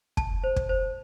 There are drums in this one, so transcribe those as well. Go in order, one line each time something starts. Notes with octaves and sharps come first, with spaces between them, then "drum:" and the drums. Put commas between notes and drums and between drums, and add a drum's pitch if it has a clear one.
A5, drum: kick
C5
drum: kick
C5